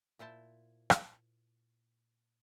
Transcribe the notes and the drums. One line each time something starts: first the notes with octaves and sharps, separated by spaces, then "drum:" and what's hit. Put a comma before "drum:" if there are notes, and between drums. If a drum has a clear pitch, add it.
A#2 E4 C5 A5
drum: rim click